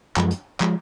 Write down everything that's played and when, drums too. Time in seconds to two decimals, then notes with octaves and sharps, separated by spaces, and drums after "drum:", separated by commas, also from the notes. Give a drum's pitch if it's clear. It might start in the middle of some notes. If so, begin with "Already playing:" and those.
0.17 F#2 F3 G#3, drum: clap
0.31 drum: hi-hat
0.60 F3 G#3, drum: clap